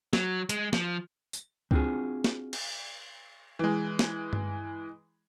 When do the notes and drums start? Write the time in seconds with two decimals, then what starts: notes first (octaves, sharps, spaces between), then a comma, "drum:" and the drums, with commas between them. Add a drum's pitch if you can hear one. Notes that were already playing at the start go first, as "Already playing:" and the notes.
0.13 F#3, drum: snare
0.49 G#3, drum: hi-hat
0.73 F3, drum: snare
1.33 drum: tambourine
1.71 C4 D4 F4 F#4 G#4, drum: kick C#2
2.24 drum: snare
2.53 drum: cymbal
3.59 E3 G#3
3.99 drum: snare
4.33 drum: tom G2